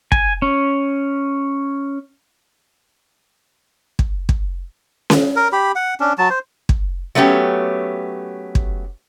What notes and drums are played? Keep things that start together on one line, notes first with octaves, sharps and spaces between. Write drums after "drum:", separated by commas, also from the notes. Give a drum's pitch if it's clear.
G#5, drum: kick
C#4
drum: kick
drum: kick
drum: snare C#4
A#4
G4 B5
F#5
C#4 D4
F#3 A5
C5
drum: kick
F#3 A3 B3 C#4 G4
drum: kick